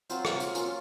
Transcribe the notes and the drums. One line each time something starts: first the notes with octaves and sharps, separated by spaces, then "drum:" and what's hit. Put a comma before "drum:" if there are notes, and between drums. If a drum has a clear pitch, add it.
F#3 C4 F4 C5, drum: hi-hat
drum: rim click
drum: hi-hat
A#3 C#4 F4, drum: hi-hat